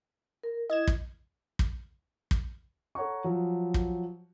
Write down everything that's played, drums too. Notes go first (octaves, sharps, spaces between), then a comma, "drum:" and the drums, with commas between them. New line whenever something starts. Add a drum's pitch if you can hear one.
A#4
E4 D#5 G#6 E7
drum: kick
drum: kick
drum: kick
A4 C#5 F#5 A#5 C#6
F3 F#3
drum: kick